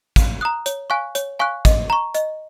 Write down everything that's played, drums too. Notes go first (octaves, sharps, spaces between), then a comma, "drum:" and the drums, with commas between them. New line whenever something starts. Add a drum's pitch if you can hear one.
F5, drum: kick, hi-hat
A#5 D#6 F#6
C#5, drum: hi-hat
F5 G#5 C#6 F#6
C#5, drum: hi-hat
F5 G#5 C#6 F#6
D#5, drum: kick, hi-hat
A#5 C#6
D#5, drum: hi-hat